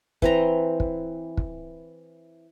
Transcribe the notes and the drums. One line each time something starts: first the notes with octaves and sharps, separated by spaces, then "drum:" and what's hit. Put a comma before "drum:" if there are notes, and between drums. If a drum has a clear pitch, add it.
E3 C4 A#5, drum: kick
drum: kick
drum: kick